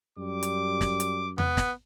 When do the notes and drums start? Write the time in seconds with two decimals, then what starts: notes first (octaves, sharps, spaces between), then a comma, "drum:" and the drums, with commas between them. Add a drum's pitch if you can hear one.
0.18 F#2 G3 D6
0.43 drum: hi-hat
0.81 drum: snare
1.00 drum: hi-hat
1.38 B3, drum: tom E2
1.57 drum: snare